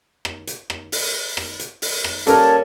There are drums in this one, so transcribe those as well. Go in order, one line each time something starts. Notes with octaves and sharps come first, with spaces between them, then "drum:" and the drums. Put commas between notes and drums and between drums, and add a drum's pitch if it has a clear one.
drum: rim click
drum: hi-hat
drum: rim click
drum: open hi-hat
drum: rim click
drum: hi-hat
drum: open hi-hat
drum: rim click
G3 A#3 C#4 A4 A#4 A5, drum: hi-hat